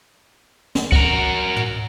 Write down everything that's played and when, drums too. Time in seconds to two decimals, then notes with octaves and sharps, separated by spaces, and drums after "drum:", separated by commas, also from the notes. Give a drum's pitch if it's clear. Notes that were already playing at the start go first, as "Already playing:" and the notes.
0.75 drum: snare
0.92 F#4 A#4, drum: kick
1.56 drum: tom